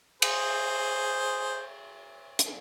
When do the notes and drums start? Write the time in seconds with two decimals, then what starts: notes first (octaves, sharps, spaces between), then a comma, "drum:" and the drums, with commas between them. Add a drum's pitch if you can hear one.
0.22 G#4 C5, drum: cymbal
2.39 drum: hi-hat